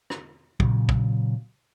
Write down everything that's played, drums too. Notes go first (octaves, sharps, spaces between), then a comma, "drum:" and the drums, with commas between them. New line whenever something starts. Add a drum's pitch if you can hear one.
drum: rim click
A#2 C#3 F#3, drum: kick
drum: kick